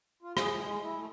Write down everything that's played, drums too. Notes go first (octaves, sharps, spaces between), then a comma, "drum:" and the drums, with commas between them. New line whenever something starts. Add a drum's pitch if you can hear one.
F4
G#4, drum: rim click
A2
G#3
E4
A3